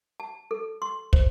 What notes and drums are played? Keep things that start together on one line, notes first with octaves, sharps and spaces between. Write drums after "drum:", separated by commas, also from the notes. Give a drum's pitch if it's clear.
A5
A4
C6
C5, drum: kick